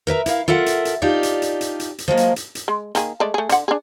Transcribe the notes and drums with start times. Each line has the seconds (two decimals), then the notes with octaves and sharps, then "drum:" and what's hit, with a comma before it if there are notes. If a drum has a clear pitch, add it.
0.07 A#4 B4 E5 A#5
0.26 E4 A#4 F5, drum: hi-hat
0.48 F4 A4 A#4 E5 F#5
0.66 drum: hi-hat
0.85 drum: hi-hat
1.02 D4 D#4 F4 G4 D5
1.23 drum: hi-hat
1.42 drum: hi-hat
1.61 drum: hi-hat
1.80 drum: hi-hat
1.98 drum: hi-hat
2.08 F3 F#3 G#3 A#3
2.17 drum: hi-hat
2.36 drum: hi-hat
2.55 drum: hi-hat
2.68 G#3
2.95 D#3 A#3 G#4, drum: hi-hat
3.20 G#3 A3 D5
3.34 A3 G#4
3.49 D3 F#5, drum: hi-hat
3.68 D4 G#4